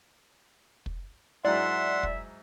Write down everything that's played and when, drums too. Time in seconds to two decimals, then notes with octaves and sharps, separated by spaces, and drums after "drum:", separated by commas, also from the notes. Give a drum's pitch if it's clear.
0.86 drum: kick
1.45 G#2 F#3 E4 D5 E5 F#5 C6
2.03 drum: kick